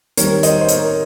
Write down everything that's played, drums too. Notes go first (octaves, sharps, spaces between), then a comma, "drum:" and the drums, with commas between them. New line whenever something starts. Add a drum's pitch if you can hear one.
D#3 G3 C4 A#4 C#5, drum: hi-hat
C5 D#5, drum: hi-hat
C5
A#4 C#5, drum: hi-hat